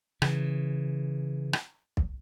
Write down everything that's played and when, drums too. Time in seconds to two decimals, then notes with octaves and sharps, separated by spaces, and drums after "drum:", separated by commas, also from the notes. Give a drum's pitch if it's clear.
0.22 C#3 E3, drum: rim click
1.53 drum: rim click
1.97 drum: kick